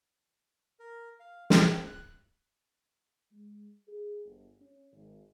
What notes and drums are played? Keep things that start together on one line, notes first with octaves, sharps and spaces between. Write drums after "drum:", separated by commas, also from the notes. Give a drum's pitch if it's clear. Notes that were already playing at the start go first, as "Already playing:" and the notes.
A#4
F5
C4, drum: snare
F#6
G#3
G#4
G1
C#4
G#1